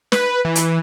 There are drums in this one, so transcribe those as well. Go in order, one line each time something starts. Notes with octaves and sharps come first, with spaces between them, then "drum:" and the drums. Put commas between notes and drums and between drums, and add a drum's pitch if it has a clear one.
B4, drum: snare
E3
drum: hi-hat